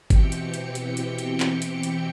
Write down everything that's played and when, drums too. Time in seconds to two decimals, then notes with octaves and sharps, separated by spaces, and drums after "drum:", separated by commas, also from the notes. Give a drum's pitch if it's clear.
0.10 B2 E3 C4 G4 G5 C#7, drum: kick G1, hi-hat
0.32 drum: hi-hat
0.54 drum: hi-hat
0.75 drum: hi-hat
0.97 drum: hi-hat
1.19 drum: hi-hat
1.40 drum: clap
1.62 drum: hi-hat
1.83 drum: hi-hat